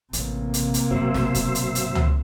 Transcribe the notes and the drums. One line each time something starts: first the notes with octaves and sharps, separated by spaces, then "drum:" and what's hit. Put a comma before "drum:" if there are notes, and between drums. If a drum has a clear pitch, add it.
A1 C3 A#3, drum: hi-hat
drum: hi-hat
drum: hi-hat
G1 G2 B2 F#3 C5 E5
drum: snare
drum: kick, hi-hat
drum: hi-hat
drum: hi-hat
drum: tom C#2